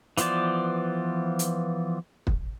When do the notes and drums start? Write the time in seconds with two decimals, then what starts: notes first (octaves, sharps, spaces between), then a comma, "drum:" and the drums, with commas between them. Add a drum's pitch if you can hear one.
0.17 E3 F3 B3 C5 D5, drum: hi-hat
1.39 drum: hi-hat
2.27 drum: kick